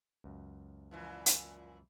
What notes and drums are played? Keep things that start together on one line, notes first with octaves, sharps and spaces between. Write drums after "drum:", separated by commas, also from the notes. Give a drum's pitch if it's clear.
C#2 F#2
A#2 E3 F3
drum: hi-hat